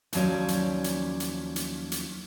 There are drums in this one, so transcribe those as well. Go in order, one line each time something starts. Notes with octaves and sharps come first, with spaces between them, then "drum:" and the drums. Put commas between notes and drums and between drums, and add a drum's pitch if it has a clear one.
D#2 F3 F#3 C#4 D5, drum: hi-hat
drum: hi-hat
drum: hi-hat
drum: hi-hat
drum: hi-hat
drum: hi-hat